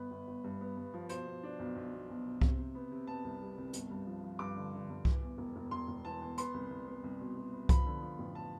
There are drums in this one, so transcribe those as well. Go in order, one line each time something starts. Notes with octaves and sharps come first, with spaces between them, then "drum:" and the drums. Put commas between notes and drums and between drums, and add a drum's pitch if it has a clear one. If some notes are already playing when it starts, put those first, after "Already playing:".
Already playing: G1 B3 B4
G1
G1
G2
B3
G2
F3
B2 C5, drum: hi-hat
B2
D4
B1
B1
B2
B1
B2
C3, drum: kick C2
C3
B3
C3
B3 A5
C2
G3
C2
G1, drum: hi-hat
G2
F3
F3
G2 D6
D3
D3
G2
E3, drum: kick C2
E2
E1
E1
E1 C6
E1
E3 A5
E2
B3 C6, drum: hi-hat
C2
C2
B3
C2
B2
B2
B3
F3 B5, drum: kick C2, hi-hat
D3
F3
A1
A5